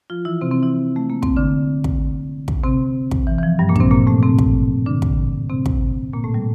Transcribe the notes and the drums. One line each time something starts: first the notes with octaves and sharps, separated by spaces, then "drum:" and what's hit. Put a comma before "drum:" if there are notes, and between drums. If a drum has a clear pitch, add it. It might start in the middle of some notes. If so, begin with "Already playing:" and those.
F3 F4
E3 E4
C3 C4
C3 C4
E3 E4
A3
A#3
C4, drum: kick
D3 D4
drum: kick
drum: kick
C3 C4
drum: kick
E3
E3
F3
G2 G3
A#2 A#3
D4, drum: kick
C3 C4
A#2 A#3
A2 A3
C3 C4
drum: kick
D3 D4
drum: kick
C3 C4
drum: kick
A#2 A#3
A2 A3
G3